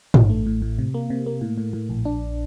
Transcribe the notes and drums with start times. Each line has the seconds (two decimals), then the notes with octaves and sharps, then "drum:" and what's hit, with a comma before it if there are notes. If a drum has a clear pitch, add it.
0.14 A1, drum: tom
0.30 A3
0.46 A2
0.62 A2
0.78 C3
0.94 A#3
1.10 C3
1.26 A#3
1.41 A2
1.58 A2
1.73 A2
1.89 A#1
2.05 D4